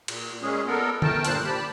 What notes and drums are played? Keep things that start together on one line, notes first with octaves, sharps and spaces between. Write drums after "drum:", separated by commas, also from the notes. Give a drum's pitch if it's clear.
A#2, drum: cymbal
A#2 G#3 C#4 G#4
B3 A4 A#4
A3 A#4 G5 A5, drum: tom D3
G2 A#2 C5 A5 F#6, drum: hi-hat
G4 A5 B5